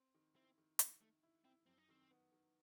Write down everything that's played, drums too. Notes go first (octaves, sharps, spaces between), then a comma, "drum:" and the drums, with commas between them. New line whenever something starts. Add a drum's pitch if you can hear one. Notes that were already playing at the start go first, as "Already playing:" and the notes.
Already playing: C4
D#3
C4 E4
D#3
B3 E4, drum: hi-hat
D#3 A3
E4
C4 E4
F#2 C4
D#4
D#3 C4
B3
D#3